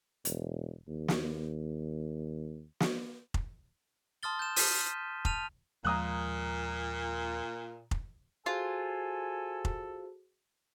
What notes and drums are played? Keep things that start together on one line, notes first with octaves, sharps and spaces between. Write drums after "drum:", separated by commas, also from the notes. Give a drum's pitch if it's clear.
E1, drum: hi-hat
D#2
drum: snare
drum: snare
drum: kick F1
A5 C6 D#6 F6 A6 G7
G6 E7
F6 G6 B6 D#7, drum: open hi-hat
A5 F6 D#7 F7, drum: kick F1
D#2 A#2 F3 G#3 A#5 D#6 F#6
drum: kick F1
F4 F#4 G#4 A4 C5 G#5
drum: kick F1